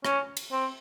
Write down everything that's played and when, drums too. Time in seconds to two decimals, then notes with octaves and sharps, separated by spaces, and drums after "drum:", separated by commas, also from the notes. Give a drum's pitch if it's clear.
0.05 C#4, drum: rim click
0.37 drum: cymbal
0.52 C4